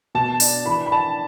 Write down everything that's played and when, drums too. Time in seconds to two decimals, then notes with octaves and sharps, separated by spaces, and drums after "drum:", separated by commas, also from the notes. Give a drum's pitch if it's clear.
0.15 B2 A5
0.40 D4, drum: open hi-hat
0.66 E3 B5
0.86 B5
0.92 D4 A5